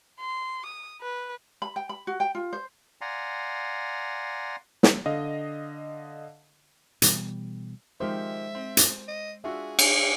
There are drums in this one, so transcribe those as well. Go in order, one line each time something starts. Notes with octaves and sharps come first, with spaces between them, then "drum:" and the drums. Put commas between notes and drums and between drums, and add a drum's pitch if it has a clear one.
C6
D#6
B4
B5
G5
B5
F#4
G5
F4
C5
D5 F5 F#5 G#5 A#5 C6
drum: snare
D3 D#5 F5
B2 E3 G3 B3, drum: hi-hat
D#3 F3 G#3 G4 C5 E5
C4
drum: hi-hat
D#5
D4 F4 F#4 G#4 E5
drum: cymbal